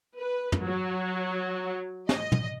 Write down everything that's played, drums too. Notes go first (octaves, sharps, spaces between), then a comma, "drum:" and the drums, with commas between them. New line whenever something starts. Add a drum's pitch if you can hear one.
B4
drum: tom
F#3
D#5, drum: snare
drum: tom